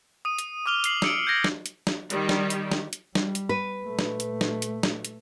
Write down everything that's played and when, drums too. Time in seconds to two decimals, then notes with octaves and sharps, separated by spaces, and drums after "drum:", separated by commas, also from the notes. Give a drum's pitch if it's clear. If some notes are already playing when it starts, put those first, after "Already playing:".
0.25 D#6 D#7
0.39 drum: hi-hat
0.66 D6 D#6 F6 F7 G7
0.84 F6 C7 F#7, drum: hi-hat
1.02 E6 C#7 D7, drum: snare
1.27 G6 G#6 A#6 D7
1.44 drum: snare
1.66 drum: hi-hat
1.87 drum: snare
2.10 D#3 G3 G4, drum: hi-hat
2.29 drum: snare
2.50 drum: hi-hat
2.72 drum: snare
2.93 drum: hi-hat
3.15 G3, drum: snare
3.35 drum: hi-hat
3.49 B4
3.85 A#2 A3
3.99 drum: snare
4.20 drum: hi-hat
4.41 drum: snare
4.62 drum: hi-hat
4.83 drum: snare
5.05 drum: hi-hat